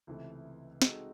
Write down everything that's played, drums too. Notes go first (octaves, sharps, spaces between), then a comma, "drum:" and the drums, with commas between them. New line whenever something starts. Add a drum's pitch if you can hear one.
C#2 C3 E3 A3
G#3 C4 D#4 F#4 A4, drum: snare